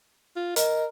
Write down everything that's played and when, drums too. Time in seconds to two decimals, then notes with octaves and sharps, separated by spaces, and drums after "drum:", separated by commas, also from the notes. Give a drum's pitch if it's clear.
0.36 F4
0.56 A#4 D#5, drum: hi-hat